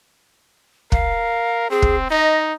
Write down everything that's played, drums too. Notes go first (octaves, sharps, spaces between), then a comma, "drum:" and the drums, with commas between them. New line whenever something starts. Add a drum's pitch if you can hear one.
A#4 F5, drum: kick
C4 G#4
drum: kick
D#4 D#5